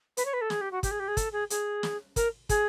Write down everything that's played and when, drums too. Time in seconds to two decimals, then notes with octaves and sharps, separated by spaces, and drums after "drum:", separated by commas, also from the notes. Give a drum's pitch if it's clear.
0.17 B4, drum: hi-hat
0.25 C#5
0.33 B4
0.41 A4
0.50 G#4, drum: snare
0.61 G4
0.72 F#4
0.83 G4, drum: kick, hi-hat
0.91 G#4
1.00 G4
1.08 G#4
1.17 A4, drum: kick, hi-hat
1.32 G#4
1.50 G#4, drum: hi-hat
1.83 drum: snare
2.16 A#4, drum: kick, hi-hat
2.49 G#4, drum: kick, hi-hat